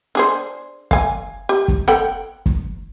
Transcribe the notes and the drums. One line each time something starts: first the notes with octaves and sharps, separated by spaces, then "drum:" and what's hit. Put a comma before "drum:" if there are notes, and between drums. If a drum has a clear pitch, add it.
D4 G#4 C5
F5 G#5, drum: kick
G4
drum: kick
A4 F#5 G5
drum: kick